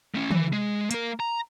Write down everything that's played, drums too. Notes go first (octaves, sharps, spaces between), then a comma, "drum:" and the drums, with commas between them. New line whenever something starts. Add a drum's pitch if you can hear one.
A3 C#4
E3, drum: tom
G#3
A#3 A#4, drum: hi-hat
A#5